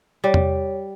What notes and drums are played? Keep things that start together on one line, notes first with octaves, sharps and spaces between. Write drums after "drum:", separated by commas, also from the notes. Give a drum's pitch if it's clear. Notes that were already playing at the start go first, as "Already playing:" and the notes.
G3 C#5
drum: tom E2